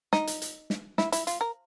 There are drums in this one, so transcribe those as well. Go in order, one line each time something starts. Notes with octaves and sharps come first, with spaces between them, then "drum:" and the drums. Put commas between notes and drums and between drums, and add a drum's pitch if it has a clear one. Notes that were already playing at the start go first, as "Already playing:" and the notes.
D#4, drum: snare
drum: hi-hat
drum: hi-hat
drum: snare
E4, drum: snare
E4, drum: hi-hat
F4, drum: hi-hat
A#4